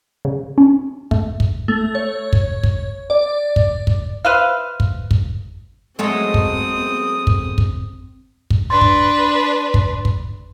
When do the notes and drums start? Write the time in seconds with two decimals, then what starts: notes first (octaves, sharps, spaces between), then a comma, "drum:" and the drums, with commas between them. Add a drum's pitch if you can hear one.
0.25 C#3
0.58 C#4
1.11 A3, drum: kick
1.40 drum: kick
1.68 A3
1.95 C#5
2.33 drum: kick
2.63 drum: kick
3.10 D5
3.56 drum: kick
3.87 drum: kick
4.25 B4 C5 E5 F5
4.80 drum: kick
5.11 drum: kick
5.99 F#3 G#3 A3 C4 D#6
6.34 drum: kick
7.27 drum: kick
7.58 drum: kick
8.50 drum: kick
8.70 D4 B4 C6 A6
8.81 drum: kick
9.74 drum: kick
10.05 drum: kick